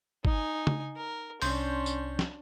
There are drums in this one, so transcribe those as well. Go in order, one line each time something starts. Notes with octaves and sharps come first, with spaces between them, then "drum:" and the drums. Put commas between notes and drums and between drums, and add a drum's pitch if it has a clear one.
D#4 G#5, drum: kick G1
drum: tom
A#4
C2 C#4 D4 C6 G6, drum: open hi-hat
drum: tambourine
drum: snare